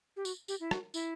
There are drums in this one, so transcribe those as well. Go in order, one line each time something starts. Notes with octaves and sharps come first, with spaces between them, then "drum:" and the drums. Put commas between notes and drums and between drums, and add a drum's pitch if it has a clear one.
G4
F#4, drum: tambourine
G4, drum: tambourine
E4
F#4, drum: rim click
E4, drum: tambourine